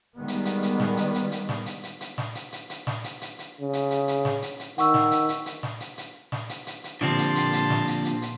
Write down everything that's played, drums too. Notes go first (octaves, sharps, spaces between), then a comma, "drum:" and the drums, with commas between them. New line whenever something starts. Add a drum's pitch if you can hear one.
D#3 G3 G#3 B3
drum: hi-hat
drum: hi-hat
drum: hi-hat
drum: snare
drum: hi-hat
drum: hi-hat
drum: hi-hat
drum: snare
drum: hi-hat
drum: hi-hat
drum: hi-hat
drum: snare
drum: hi-hat
drum: hi-hat
drum: hi-hat
drum: snare
drum: hi-hat
drum: hi-hat
drum: hi-hat
C#3
drum: hi-hat
drum: hi-hat
drum: hi-hat
drum: snare
drum: hi-hat
drum: hi-hat
D#3 F#5 C#6 E6, drum: hi-hat
drum: snare
drum: hi-hat
drum: hi-hat
drum: hi-hat
drum: snare
drum: hi-hat
drum: hi-hat
drum: snare
drum: hi-hat
drum: hi-hat
drum: hi-hat
A#2 D3 F3 C4 G4 A5 C6, drum: snare
drum: hi-hat
drum: hi-hat
drum: hi-hat
drum: snare
drum: hi-hat
drum: hi-hat
drum: hi-hat